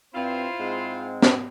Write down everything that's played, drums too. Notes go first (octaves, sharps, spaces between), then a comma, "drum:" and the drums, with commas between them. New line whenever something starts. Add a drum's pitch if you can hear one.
G2 C4 E4 F4 C5
G#2 G#3 C4
drum: snare